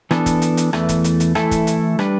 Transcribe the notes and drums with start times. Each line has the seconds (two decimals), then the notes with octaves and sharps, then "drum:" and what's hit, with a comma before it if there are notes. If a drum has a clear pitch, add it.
0.11 E3 B3 D4 A4, drum: rim click
0.26 drum: kick, hi-hat
0.42 drum: hi-hat
0.57 drum: hi-hat
0.73 E2 E3 A3, drum: rim click
0.89 drum: kick, hi-hat
1.04 drum: hi-hat
1.20 drum: hi-hat
1.35 E3 A3 E4 A4, drum: rim click
1.51 drum: kick, hi-hat
1.67 drum: hi-hat
1.99 G3 D4 B4, drum: rim click